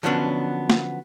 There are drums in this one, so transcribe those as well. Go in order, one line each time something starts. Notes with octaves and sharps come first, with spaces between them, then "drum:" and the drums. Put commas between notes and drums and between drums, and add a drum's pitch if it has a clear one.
D3 F3 F#3 B3 C#4 D4
drum: snare